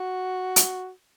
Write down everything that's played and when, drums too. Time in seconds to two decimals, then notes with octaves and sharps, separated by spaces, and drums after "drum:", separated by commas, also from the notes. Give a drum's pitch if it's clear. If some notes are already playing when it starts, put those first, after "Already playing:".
Already playing: F#4
0.56 drum: hi-hat